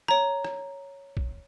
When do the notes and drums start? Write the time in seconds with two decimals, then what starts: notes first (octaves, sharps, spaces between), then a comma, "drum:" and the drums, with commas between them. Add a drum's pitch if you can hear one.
0.08 C#5 A#5, drum: rim click
0.45 drum: rim click
1.17 drum: kick